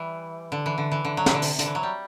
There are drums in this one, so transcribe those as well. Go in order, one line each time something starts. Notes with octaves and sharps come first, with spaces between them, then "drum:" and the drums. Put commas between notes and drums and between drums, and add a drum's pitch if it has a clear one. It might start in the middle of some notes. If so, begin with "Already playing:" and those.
Already playing: E3 G3
D3
E3
D3
E3
D3
F#3
E3, drum: snare
D3
C3, drum: open hi-hat
D3, drum: hi-hat
E3
F#3
G3